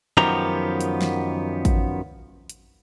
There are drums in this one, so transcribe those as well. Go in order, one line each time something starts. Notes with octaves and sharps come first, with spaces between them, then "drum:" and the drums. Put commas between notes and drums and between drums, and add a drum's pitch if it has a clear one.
F#2 D#3 F3 B3 G4 A#5
drum: hi-hat
drum: snare
drum: kick A1, hi-hat
drum: hi-hat